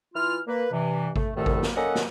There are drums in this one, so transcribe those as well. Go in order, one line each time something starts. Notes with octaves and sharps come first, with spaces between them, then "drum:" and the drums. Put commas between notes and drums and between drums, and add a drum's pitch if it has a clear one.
E3 F4 F6
A#3 B4
G2 C3 E3
A3, drum: kick G#1
C2 F#2 A2 D#3 A3 A4
drum: kick G#1
drum: snare
A#3 C#4 A4 A#4 D#5 F#5
drum: snare